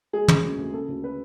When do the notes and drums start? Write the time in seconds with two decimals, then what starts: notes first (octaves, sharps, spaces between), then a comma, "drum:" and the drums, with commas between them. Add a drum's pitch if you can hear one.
0.13 G#3 G#4
0.28 C#3, drum: tom
0.43 D2
0.58 D2
0.74 C#3 A4
0.88 D2
1.04 B4